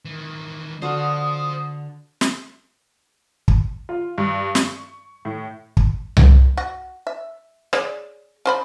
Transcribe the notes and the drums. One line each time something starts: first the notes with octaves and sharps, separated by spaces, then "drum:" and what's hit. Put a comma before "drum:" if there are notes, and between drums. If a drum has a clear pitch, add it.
D#3 E3
D3 F#4 C5 F5 D#6
drum: snare
drum: kick
F4
G2
C#6, drum: snare
A2
drum: kick
drum: tom C2
F#4
E5
G#4 C#5 D5, drum: rim click
C#3 C5 B5